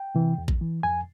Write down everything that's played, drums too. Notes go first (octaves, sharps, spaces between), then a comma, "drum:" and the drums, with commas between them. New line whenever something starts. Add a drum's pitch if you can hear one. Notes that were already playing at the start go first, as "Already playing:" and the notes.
Already playing: G5
C3 E3
E2
drum: kick
E3
F2 G#5